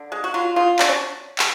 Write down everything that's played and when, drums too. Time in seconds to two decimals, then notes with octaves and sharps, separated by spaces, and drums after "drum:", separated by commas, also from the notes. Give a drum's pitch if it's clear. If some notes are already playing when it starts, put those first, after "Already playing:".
Already playing: D3
0.12 G#3
0.24 F#4
0.34 F#3 F4
0.56 C#3 F4
0.79 F#3 D4, drum: clap
0.89 C#4
1.39 drum: clap